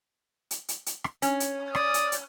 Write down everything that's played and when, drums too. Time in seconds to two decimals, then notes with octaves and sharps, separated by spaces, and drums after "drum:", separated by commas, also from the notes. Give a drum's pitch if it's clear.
0.51 drum: hi-hat
0.68 drum: hi-hat
0.86 drum: hi-hat
1.04 drum: rim click
1.22 C#4, drum: hi-hat
1.40 drum: hi-hat
1.75 D5 D#6, drum: rim click
1.94 drum: hi-hat
2.12 drum: hi-hat